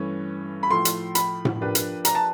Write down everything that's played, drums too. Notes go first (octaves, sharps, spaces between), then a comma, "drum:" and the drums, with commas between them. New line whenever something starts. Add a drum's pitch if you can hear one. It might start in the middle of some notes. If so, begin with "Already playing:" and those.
Already playing: G2 E3 A3 C#4
B5
A2 F3 A3 C6
drum: hi-hat
B5, drum: hi-hat
drum: tom A2
F3 A#3 D4 G4 B4
drum: hi-hat
A#5, drum: hi-hat
A5